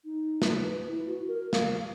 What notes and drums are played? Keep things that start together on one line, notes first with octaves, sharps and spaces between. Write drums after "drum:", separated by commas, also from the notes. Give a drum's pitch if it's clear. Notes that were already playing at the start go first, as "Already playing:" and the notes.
D#4
drum: snare
B4
E4
F#4
A#4
F5, drum: snare